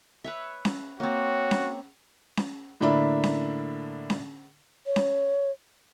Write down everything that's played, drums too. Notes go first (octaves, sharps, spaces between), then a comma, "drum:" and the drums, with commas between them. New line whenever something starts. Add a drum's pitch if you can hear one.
B4 C#5 E5
drum: snare C#4
A#3 C4 F#4 C#5
drum: snare C#4
drum: snare C#4
A2 D3 A#3 D4 E5 B5
drum: snare C#4
drum: snare C#4
C#5
drum: snare C#4